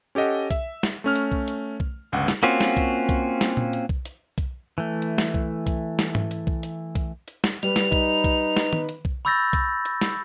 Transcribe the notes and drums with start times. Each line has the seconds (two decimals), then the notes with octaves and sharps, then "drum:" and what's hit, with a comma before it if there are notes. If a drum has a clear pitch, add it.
0.15 C#4 G4 A4 D#5 F#5
0.50 E5, drum: kick B1, hi-hat
0.83 drum: snare
1.04 A3 C#4 F6
1.16 drum: hi-hat
1.32 drum: kick B1
1.48 drum: hi-hat
1.80 drum: kick B1
2.12 G1 C#2 F#5
2.28 drum: snare
2.43 A#3 C4 C#4 F4 F#4, drum: hi-hat
2.60 drum: snare
2.77 drum: kick B1, hi-hat
3.09 drum: kick B1, hi-hat
3.41 drum: snare
3.57 drum: tom A#2
3.73 drum: hi-hat
3.89 drum: kick B1
4.05 drum: hi-hat
4.38 drum: kick B1, hi-hat
4.78 E3 A3
5.02 drum: hi-hat
5.18 drum: snare
5.34 drum: kick B1
5.67 drum: kick B1, hi-hat
5.99 drum: snare
6.15 drum: tom G#2
6.31 drum: hi-hat
6.47 drum: kick B1
6.63 drum: hi-hat
6.95 drum: kick B1, hi-hat
7.28 drum: hi-hat
7.44 drum: snare
7.63 G3 B4 F7, drum: hi-hat
7.76 drum: snare
7.92 D#4, drum: kick B1, hi-hat
8.24 drum: kick B1, hi-hat
8.57 drum: snare
8.73 drum: tom D#3
8.89 drum: hi-hat
9.05 drum: kick B1
9.25 B5 C#6 E6 G6 A6 A#6
9.53 drum: kick B1, hi-hat
9.85 drum: hi-hat
10.01 drum: snare